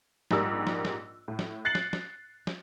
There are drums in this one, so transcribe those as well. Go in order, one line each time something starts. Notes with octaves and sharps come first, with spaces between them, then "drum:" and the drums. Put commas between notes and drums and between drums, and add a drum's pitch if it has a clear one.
A#1 G#2 G3 A#4 E6, drum: snare
drum: snare
drum: snare
A2
drum: snare
F#6 A6 C7 C#7 F#7
drum: snare
drum: snare
drum: snare